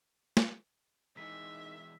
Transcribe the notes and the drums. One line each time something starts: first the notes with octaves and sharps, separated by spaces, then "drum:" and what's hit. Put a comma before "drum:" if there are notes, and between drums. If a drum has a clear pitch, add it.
drum: snare
E3 G#3 D#4 G#4 A#4 E5 B6